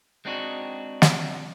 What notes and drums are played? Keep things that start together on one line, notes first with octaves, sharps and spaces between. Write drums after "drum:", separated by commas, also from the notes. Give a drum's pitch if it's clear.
G#3 C4 D4 D#4 F#4
drum: snare